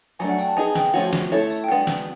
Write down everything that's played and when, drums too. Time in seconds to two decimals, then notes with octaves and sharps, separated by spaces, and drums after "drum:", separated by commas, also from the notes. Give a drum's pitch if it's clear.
0.19 F#3 A3 D4 G#5
0.29 F#5
0.38 G5, drum: tambourine
0.48 A5
0.57 B3 D#4 G#4 G#5
0.75 G5, drum: snare
0.94 F3 A3 C#4 F#4
1.13 drum: snare
1.32 A3 C#4 E4 A4 C#5
1.50 drum: tambourine
1.64 G5
1.68 G#3 B3 D4 F#4 F#5
1.87 drum: snare